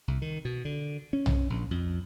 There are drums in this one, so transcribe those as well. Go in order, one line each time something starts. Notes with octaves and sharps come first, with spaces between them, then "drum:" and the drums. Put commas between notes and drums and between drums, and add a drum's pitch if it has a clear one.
C2
D#3
B2
D3
C#4
drum: tom B1
A#1
F2